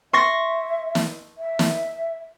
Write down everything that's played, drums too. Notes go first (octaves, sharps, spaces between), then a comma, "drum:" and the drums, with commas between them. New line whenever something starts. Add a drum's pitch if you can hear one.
E5 C6 C#6 A#6
drum: snare
E5
drum: snare